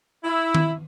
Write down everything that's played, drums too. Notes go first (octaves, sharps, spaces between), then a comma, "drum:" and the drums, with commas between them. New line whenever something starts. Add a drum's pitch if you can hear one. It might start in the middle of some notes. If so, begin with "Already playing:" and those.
E4
drum: tom D#3